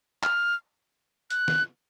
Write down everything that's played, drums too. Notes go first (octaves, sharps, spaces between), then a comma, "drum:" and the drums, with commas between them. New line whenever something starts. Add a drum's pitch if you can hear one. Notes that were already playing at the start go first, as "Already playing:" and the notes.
F6, drum: clap
F#6, drum: hi-hat
drum: snare